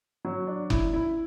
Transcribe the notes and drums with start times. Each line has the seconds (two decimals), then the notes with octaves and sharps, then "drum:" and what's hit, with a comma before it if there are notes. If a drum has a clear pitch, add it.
0.25 F#3
0.47 D4
0.70 E4, drum: kick F#1
0.93 E4